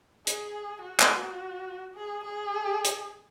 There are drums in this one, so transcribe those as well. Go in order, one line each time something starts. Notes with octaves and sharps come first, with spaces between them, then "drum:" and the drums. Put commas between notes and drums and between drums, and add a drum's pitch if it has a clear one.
G#4, drum: hi-hat
F#4
drum: clap
G#4
G#4
drum: hi-hat